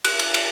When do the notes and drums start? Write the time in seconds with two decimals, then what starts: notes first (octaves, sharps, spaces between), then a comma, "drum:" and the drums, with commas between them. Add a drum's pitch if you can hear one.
0.04 F#6, drum: cymbal
0.19 drum: cymbal
0.34 drum: cymbal